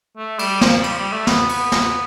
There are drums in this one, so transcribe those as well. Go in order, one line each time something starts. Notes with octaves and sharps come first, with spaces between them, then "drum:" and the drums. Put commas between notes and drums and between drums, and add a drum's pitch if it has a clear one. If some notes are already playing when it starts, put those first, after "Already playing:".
A3
G3, drum: cymbal
F3, drum: snare
G3, drum: cymbal
F3
G3
A3
B3, drum: snare
B3, drum: cymbal
drum: snare